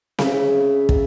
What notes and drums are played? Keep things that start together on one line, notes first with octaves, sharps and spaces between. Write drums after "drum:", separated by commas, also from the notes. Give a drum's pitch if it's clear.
C#3 E5, drum: snare C4
drum: kick